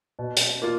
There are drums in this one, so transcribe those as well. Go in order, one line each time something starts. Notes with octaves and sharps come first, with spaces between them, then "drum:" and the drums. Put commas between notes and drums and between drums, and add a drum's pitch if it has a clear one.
B2
drum: hi-hat
A#3 F4